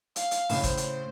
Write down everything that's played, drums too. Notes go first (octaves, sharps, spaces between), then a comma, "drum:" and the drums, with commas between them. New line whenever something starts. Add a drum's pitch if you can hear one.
F5, drum: hi-hat
drum: hi-hat
A2 C#3, drum: open hi-hat
C5, drum: kick G1, hi-hat
drum: hi-hat